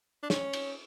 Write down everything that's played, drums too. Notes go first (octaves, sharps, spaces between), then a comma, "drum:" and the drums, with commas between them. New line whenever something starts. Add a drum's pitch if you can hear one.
D4
C#4, drum: snare
drum: cymbal